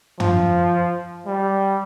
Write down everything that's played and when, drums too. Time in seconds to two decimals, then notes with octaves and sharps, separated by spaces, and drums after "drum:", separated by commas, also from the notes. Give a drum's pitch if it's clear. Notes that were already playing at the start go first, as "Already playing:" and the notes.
0.20 F3, drum: tom
1.26 G3